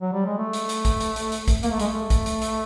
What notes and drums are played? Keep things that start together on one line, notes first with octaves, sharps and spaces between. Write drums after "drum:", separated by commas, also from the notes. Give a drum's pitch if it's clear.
F#3
G3
G#3
A3
drum: hi-hat
drum: hi-hat
drum: kick, hi-hat
drum: hi-hat
drum: hi-hat
drum: hi-hat
drum: kick, hi-hat
A#3, drum: hi-hat
A3
G#3, drum: hi-hat
A3
drum: kick, hi-hat
drum: hi-hat
drum: hi-hat